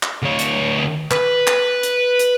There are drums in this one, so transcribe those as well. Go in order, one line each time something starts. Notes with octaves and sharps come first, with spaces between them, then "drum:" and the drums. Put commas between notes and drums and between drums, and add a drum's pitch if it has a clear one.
drum: clap
D2 C#5
drum: hi-hat
B4, drum: clap
drum: clap
drum: hi-hat
drum: hi-hat